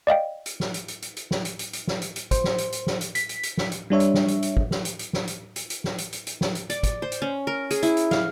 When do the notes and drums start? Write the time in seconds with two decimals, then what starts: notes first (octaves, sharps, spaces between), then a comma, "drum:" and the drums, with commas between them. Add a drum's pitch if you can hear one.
0.07 D5 D#5 F5 G5
0.46 drum: hi-hat
0.60 drum: snare
0.74 drum: hi-hat
0.88 drum: hi-hat
1.02 drum: hi-hat
1.17 drum: hi-hat
1.31 drum: snare
1.45 drum: hi-hat
1.59 drum: hi-hat
1.73 drum: hi-hat
1.87 drum: snare
2.02 drum: hi-hat
2.16 drum: hi-hat
2.31 C5, drum: kick, hi-hat
2.44 drum: snare
2.58 drum: hi-hat
2.72 drum: hi-hat
2.87 drum: snare
3.01 drum: hi-hat
3.15 B6, drum: hi-hat
3.29 drum: hi-hat
3.43 drum: hi-hat
3.57 drum: snare
3.72 drum: hi-hat
3.90 G3 D4 C#5 E5
4.00 drum: hi-hat
4.14 drum: snare
4.28 drum: hi-hat
4.42 drum: hi-hat
4.57 drum: kick
4.71 drum: snare
4.85 drum: hi-hat
4.99 drum: hi-hat
5.13 drum: snare
5.28 drum: hi-hat
5.56 drum: hi-hat
5.70 drum: hi-hat
5.84 drum: snare
5.98 drum: hi-hat
6.13 drum: hi-hat
6.27 drum: hi-hat
6.41 drum: snare
6.55 drum: hi-hat
6.70 D5, drum: hi-hat
6.83 drum: kick, hi-hat
7.02 C5
7.12 drum: hi-hat
7.22 C#4
7.47 A#4
7.71 G#4, drum: hi-hat
7.83 E4, drum: hi-hat
7.97 drum: hi-hat
8.11 F5, drum: snare